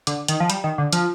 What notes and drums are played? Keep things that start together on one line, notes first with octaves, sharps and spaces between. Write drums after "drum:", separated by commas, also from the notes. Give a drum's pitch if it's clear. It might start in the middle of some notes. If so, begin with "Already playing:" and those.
D3, drum: hi-hat
D#3, drum: hi-hat
F3
G3, drum: hi-hat
D#3
D3
F3, drum: hi-hat